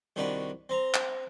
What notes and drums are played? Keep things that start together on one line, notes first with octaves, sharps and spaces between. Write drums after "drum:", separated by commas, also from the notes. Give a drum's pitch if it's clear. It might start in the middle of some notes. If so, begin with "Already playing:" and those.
C2 D#3 D4 F#4 B4
C4 A#5
drum: clap